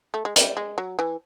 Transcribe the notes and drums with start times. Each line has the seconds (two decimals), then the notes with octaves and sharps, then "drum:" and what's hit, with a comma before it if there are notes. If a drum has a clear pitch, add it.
0.14 A3
0.25 G#3
0.36 G3, drum: hi-hat
0.57 G#3
0.78 F#3
0.99 E3